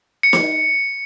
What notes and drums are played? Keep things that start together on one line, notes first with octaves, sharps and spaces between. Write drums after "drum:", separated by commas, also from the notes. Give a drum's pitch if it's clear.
C#7
drum: snare